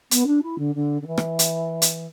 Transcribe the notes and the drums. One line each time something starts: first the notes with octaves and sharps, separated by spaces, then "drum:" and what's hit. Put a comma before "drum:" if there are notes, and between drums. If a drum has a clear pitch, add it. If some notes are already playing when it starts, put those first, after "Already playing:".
B3, drum: hi-hat
D4
E4
D3
D3
D3
E3
drum: rim click
drum: hi-hat
drum: hi-hat